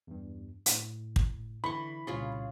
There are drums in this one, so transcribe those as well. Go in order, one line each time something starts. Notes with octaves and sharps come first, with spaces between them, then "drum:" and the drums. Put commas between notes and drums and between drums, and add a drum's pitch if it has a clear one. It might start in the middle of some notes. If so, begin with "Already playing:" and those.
E2 G2
A2, drum: hi-hat
drum: kick
D3 E3 B5 C#6
C2 A#2 C#3 F4 G#4 C#6